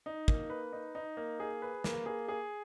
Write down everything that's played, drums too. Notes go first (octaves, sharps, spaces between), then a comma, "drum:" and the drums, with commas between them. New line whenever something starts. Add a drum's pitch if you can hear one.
D#4
A#3, drum: kick
B4
D#4
D#4
A#3
G#4
B4
A#3, drum: snare
G#4
G#4